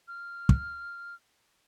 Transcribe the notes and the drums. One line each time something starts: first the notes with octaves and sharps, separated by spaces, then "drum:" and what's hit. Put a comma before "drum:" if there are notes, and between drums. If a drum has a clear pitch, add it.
F6
drum: kick